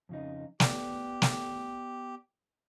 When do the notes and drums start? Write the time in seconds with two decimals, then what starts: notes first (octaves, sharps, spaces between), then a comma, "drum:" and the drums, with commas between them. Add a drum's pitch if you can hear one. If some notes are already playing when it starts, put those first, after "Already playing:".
0.09 F2 C#3 D#4
0.60 B3 G4 D5, drum: snare
1.22 drum: snare